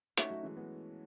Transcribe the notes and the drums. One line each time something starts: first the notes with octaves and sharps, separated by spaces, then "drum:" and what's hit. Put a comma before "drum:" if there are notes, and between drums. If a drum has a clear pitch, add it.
A3 C#4 D#4 F#4 C#5 E5, drum: hi-hat
F#3 A3
E3 G#3
G#3 B3